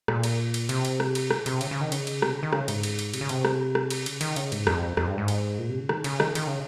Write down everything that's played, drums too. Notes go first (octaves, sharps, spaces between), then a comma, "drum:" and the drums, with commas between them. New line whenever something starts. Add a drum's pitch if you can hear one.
A#2, drum: rim click
drum: cymbal
drum: cymbal
C3, drum: cymbal
drum: cymbal
drum: rim click
drum: cymbal
drum: rim click
C3, drum: cymbal
C#3, drum: cymbal
C#3
D#3
C#3, drum: cymbal
drum: cymbal
C3, drum: rim click
C#3
D#3
C#3, drum: rim click
G#2, drum: cymbal
drum: cymbal
drum: cymbal
C3, drum: cymbal
C#3
C3, drum: cymbal
drum: rim click
drum: rim click
drum: cymbal
C#3, drum: cymbal
D#3, drum: cymbal
C#3, drum: cymbal
G#2, drum: cymbal
F2, drum: rim click
F2, drum: rim click
G2
G#2
drum: cymbal
A#2
C3
C#3
D#3, drum: rim click
C#3, drum: cymbal
D#3, drum: rim click
D#3, drum: cymbal
C#3